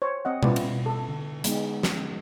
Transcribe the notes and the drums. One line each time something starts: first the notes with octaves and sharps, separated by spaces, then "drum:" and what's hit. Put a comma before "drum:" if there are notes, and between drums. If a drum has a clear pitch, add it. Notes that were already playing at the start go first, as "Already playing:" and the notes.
C5 C#5
C4 D#5 F#5
B3 E4 F4 B4 D5, drum: tom B2
drum: cymbal
A4
D3
G#3 B3 D#4, drum: hi-hat
drum: snare